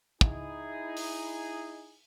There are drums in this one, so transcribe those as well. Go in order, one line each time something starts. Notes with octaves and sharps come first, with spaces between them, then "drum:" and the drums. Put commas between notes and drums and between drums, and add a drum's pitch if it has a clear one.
D#4 E4 G#4, drum: kick
drum: open hi-hat